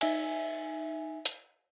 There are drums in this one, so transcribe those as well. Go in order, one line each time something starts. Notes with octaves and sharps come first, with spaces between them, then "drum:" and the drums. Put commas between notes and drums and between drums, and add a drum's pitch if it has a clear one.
D#4 E5 G#5, drum: cymbal
drum: hi-hat